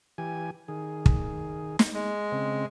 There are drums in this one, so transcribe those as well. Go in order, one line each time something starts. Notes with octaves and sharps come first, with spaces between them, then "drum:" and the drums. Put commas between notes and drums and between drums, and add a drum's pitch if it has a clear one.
E3 G4 G#5
D#3 G#4
drum: kick
drum: snare
G#3
C#3 C4